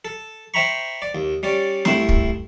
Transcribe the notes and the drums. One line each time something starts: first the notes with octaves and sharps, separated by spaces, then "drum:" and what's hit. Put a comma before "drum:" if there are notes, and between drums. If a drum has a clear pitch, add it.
A4
C5 E5 G5 A#5 B5 C#6
D5
D#2
G3 C#4 D5
C2 A3 E4 G5 C6, drum: snare
drum: kick